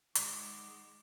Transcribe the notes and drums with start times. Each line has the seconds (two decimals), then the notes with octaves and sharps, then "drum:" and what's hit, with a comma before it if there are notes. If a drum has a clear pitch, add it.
0.15 D#3 G#3 F#5 D6, drum: hi-hat